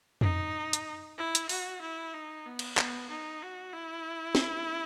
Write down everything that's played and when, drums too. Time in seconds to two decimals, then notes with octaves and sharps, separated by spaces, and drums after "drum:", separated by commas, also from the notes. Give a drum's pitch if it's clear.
0.21 D#4, drum: tom F2
0.73 drum: hi-hat
1.18 E4
1.35 drum: hi-hat
1.49 F#4, drum: open hi-hat
1.81 E4
2.14 D#4
2.46 B3
2.59 drum: cymbal
2.77 B3, drum: clap
3.10 D#4
3.42 F#4
3.73 E4
4.35 drum: snare